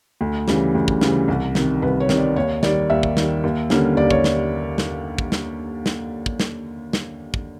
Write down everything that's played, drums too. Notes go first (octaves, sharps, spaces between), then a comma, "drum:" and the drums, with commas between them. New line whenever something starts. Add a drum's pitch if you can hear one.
D2
C#3 E3 G3, drum: snare
D2
drum: kick
C#3 E3 G3, drum: snare
C2
C3 D#3, drum: snare
C2 B4
C#5
C3 D#3, drum: snare
D5
D#2 C#5
D#3 G3 D5, drum: snare
D#2 E5
drum: kick
D#3 G3, drum: snare
D#2
D3 G3 A#3 C#4, drum: snare
D#2 D5
C#5, drum: kick
drum: snare
drum: snare
drum: kick
drum: snare
drum: snare
drum: kick
drum: snare
drum: snare
drum: kick